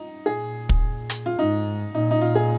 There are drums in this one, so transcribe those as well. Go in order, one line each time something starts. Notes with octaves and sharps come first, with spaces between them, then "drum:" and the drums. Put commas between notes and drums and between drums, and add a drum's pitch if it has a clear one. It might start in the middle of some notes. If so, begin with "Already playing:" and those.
Already playing: D#4
A#2 G#4
drum: kick
drum: hi-hat
F4
G#2 D#4
A#2 D#4
D#4
F4
G#4